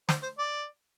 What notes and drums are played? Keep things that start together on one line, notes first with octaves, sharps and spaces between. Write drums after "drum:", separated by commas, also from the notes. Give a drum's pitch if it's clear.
C5, drum: snare
C5
D5